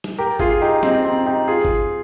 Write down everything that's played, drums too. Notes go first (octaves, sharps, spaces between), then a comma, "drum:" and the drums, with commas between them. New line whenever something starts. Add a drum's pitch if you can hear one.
drum: snare
G4 A#4
F4 G#4, drum: kick G1
D#4 G4
C4 D#4, drum: snare
C4 D#4
D#4 G4
F4 G#4
drum: kick G1